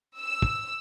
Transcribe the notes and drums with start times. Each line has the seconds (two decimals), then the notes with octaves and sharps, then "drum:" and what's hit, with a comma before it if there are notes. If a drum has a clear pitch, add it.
0.19 E6
0.42 drum: kick